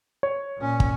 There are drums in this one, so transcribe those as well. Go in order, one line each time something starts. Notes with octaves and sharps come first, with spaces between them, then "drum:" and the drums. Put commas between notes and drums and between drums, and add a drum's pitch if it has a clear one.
C#5
A#2 C#4
drum: kick